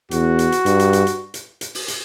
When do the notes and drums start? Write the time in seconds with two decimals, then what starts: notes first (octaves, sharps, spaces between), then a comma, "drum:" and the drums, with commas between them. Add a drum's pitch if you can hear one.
0.11 E2 F#4, drum: hi-hat
0.39 drum: hi-hat
0.52 drum: hi-hat
0.66 G2, drum: hi-hat
0.79 drum: hi-hat
0.93 drum: hi-hat
1.07 drum: hi-hat
1.34 drum: hi-hat
1.61 drum: hi-hat
1.75 drum: open hi-hat
1.88 drum: hi-hat